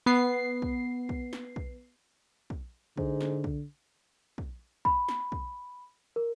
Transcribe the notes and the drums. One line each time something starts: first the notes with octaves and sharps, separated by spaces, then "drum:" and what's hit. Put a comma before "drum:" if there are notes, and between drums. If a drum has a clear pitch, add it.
B3 C7
drum: kick
drum: kick
drum: snare
drum: kick
drum: kick
G#2 D3, drum: kick
drum: snare
drum: kick
drum: kick
B5, drum: kick
drum: snare
drum: kick
A#4